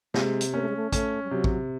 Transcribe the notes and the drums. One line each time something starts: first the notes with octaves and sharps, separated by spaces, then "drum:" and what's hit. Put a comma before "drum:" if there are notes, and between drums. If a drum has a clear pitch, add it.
C3 G#3, drum: snare
drum: hi-hat
A#3 C#4
A3
G#3
A3
A3 C#4, drum: kick, hi-hat
G3
C3 F#3
drum: kick